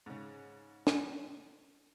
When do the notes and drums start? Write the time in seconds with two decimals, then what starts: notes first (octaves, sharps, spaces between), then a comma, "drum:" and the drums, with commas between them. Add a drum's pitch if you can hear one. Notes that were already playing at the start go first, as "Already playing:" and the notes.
0.06 G#2 C#3
0.87 drum: snare